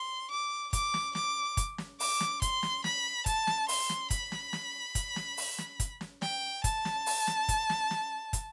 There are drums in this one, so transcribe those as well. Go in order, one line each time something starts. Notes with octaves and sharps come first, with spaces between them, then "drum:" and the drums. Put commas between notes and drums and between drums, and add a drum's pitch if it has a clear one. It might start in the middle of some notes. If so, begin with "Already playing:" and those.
Already playing: C6
D6
D6, drum: kick, hi-hat
drum: snare
D6, drum: snare
drum: kick, hi-hat
drum: snare
D6, drum: open hi-hat
drum: snare
C6, drum: kick, hi-hat
drum: snare
B5, drum: snare
A5, drum: kick, hi-hat
drum: snare
C6, drum: open hi-hat
drum: snare
B5, drum: kick, hi-hat
drum: snare
drum: snare
drum: kick, hi-hat
drum: snare
drum: open hi-hat
drum: snare
drum: kick, hi-hat
drum: snare
G5, drum: snare
A5, drum: kick, hi-hat
drum: snare
drum: open hi-hat
drum: snare
drum: kick, hi-hat
drum: snare
drum: snare
drum: kick, hi-hat